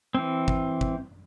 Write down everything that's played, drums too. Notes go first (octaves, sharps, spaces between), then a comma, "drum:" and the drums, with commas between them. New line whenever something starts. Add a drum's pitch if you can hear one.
E3 C4
drum: kick
drum: kick